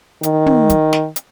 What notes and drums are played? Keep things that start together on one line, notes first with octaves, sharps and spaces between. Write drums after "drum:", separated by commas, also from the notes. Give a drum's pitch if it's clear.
D#3, drum: hi-hat
drum: tom
drum: kick, hi-hat
drum: snare
drum: hi-hat